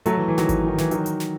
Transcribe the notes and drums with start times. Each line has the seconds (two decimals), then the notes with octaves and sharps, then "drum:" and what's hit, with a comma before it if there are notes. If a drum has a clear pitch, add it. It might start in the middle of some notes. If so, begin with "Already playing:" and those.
0.06 F#3 A3, drum: hi-hat
0.17 E3
0.28 E3
0.38 D#3 F#3, drum: snare
0.49 drum: kick G#1, hi-hat
0.66 D#3
0.78 E3, drum: snare
0.91 D#3 F#3, drum: hi-hat
1.06 drum: hi-hat
1.20 drum: snare